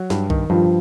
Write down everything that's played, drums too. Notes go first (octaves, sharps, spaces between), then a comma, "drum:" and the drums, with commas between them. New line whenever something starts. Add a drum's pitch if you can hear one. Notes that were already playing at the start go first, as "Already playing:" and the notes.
Already playing: F#3
G2, drum: snare
D#3, drum: kick B1
G2 F3